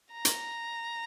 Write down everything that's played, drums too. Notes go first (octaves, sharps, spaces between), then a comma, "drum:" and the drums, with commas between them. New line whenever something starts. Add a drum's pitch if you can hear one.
A#5
drum: hi-hat